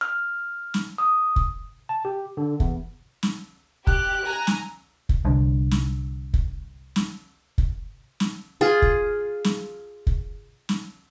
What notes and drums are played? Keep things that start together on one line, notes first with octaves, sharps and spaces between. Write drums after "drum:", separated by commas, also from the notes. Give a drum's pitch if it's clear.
F6
drum: snare
D#6
drum: kick
A5
G4
D3
E2, drum: kick
drum: snare
G4 F#6, drum: kick
G#5 A#5
drum: snare
drum: kick
C2 D3
drum: snare
drum: kick
drum: snare
drum: kick
drum: snare
F4 G#4
drum: kick
drum: snare
drum: kick
drum: snare